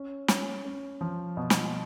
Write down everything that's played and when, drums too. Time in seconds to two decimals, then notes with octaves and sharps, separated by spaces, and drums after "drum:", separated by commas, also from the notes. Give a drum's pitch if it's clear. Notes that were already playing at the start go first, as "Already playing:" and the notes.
Already playing: C#4
0.28 C#4, drum: snare
0.65 C#4
1.01 F3
1.37 B2
1.50 drum: snare